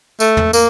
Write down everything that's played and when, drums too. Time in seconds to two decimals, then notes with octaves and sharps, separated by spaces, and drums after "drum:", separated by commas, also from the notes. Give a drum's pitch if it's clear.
0.20 A3, drum: tambourine
0.37 drum: tom
0.53 A#3, drum: tambourine